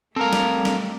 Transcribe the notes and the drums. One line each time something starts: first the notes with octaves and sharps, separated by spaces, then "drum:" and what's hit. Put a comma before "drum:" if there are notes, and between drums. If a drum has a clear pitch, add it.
G3 A3 C4 A4 A#4 F5
drum: snare
drum: snare